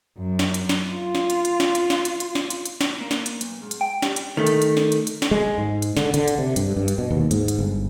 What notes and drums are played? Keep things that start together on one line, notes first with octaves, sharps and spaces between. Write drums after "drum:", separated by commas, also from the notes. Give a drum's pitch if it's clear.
F#2
drum: snare
drum: hi-hat
drum: snare
F4
drum: snare
drum: hi-hat
drum: hi-hat
drum: snare
drum: hi-hat
drum: snare
drum: hi-hat
drum: hi-hat
drum: snare
drum: hi-hat
drum: hi-hat
drum: snare
A#3
drum: snare
drum: hi-hat
B1, drum: hi-hat
G#2
drum: hi-hat
G5
G3, drum: snare
drum: hi-hat
D#3 A3
drum: hi-hat
drum: hi-hat
drum: snare
drum: hi-hat
drum: hi-hat
drum: snare
G#3
G#2
drum: hi-hat
D3, drum: snare
D3, drum: hi-hat
drum: hi-hat
C3
G2, drum: hi-hat
G2
drum: hi-hat
B2
D#2
G#2, drum: hi-hat
drum: hi-hat
G1